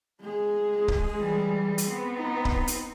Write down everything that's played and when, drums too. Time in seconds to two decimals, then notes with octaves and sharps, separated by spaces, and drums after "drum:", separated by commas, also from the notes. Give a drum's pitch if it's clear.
0.21 G#3 G#4
0.88 drum: kick C#1
1.17 E3 G3
1.78 drum: hi-hat
1.89 B3 C4
2.17 D#4
2.45 drum: kick C#1
2.67 drum: hi-hat